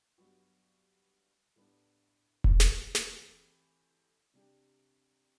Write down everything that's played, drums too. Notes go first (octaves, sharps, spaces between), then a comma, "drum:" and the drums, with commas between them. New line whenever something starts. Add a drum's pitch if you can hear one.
G2 F#3 B3 F#4
A2 G3 B3 D4
drum: kick E1
drum: snare
E3 A3 C4 E4 G4, drum: snare
C3 G3 D4 G4